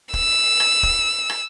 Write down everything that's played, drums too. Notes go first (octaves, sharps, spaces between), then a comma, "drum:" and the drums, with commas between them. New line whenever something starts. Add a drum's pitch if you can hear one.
E6, drum: kick
drum: rim click
drum: kick
drum: rim click